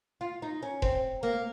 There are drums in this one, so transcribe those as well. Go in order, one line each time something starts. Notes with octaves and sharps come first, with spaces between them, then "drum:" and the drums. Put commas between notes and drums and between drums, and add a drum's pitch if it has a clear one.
F4
D#4
C#4
C4, drum: kick E1
A#3